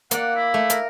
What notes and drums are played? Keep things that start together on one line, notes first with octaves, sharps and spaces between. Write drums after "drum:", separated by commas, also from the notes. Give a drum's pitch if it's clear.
A#3 D5 F#5, drum: hi-hat
E4
A3
A#4, drum: hi-hat